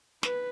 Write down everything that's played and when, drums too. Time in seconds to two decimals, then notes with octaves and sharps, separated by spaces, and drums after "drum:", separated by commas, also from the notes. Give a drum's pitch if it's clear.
0.23 B4, drum: snare